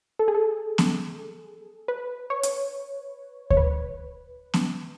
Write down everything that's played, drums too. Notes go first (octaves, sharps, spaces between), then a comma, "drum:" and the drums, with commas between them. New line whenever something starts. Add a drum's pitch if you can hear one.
A4
G#4
A4
drum: snare B3
B4
C#5
drum: hi-hat
C#5, drum: kick D2
B4
drum: snare B3